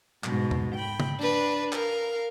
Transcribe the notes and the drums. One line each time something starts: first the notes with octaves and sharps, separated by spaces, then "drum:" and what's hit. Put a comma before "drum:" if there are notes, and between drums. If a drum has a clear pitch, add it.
G#2 B2, drum: clap
drum: tom E2
G5 B5
drum: tom
D4 B4
A#4 F5, drum: clap